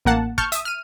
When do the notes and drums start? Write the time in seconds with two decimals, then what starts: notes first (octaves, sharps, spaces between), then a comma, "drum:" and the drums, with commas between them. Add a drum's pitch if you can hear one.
0.05 A1 A#3 F#5 A5
0.38 A5 C#6 F6 G6, drum: kick
0.52 E5 D#6, drum: hi-hat
0.65 F6 D#7